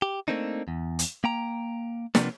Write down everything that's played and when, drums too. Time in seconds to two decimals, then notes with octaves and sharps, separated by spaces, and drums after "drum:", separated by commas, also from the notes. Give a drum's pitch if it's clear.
0.02 G4
0.28 A3 A#3 C4 D4 D#4
0.68 E2
0.99 drum: hi-hat
1.24 A#3 G5 A#5
2.15 C3 F3 A#3 B3 D4, drum: snare